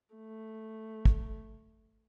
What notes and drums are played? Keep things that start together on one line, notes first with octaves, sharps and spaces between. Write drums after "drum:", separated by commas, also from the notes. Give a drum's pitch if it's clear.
A3
drum: kick